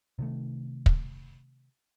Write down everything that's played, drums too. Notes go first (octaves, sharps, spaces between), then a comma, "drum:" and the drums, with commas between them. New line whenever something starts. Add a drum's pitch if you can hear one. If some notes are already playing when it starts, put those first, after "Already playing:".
C3 D#3 A3
drum: kick